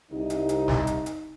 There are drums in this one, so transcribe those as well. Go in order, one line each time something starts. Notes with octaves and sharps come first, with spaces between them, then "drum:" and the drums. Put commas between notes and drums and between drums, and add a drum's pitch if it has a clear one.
C2 D#4
drum: hi-hat
drum: hi-hat
drum: snare
drum: hi-hat
drum: hi-hat